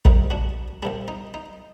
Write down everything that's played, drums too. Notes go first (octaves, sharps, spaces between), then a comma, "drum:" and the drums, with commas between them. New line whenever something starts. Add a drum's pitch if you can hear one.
C2 C3 G3 D#4, drum: kick
D4 F#4
C2 C3 G3 D4
D#4
D#4